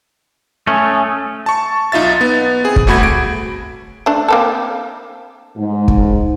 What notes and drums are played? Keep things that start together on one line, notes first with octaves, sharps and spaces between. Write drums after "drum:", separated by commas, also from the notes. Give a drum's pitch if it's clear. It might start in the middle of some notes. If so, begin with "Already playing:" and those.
A3 C#4 G#5 D#6 E6
A5 C#6
B1 D#4 F4 E5 A6
B3
C4 G#4
drum: kick
G1 A3 F#4 B5 G#6
D7
A3 D4
A#3 C4 A4
G#2
drum: kick